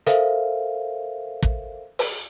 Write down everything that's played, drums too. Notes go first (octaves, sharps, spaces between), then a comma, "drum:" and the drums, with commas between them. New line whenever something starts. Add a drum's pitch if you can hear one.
A4 A#4 C5 E5 F5, drum: hi-hat
drum: kick
drum: open hi-hat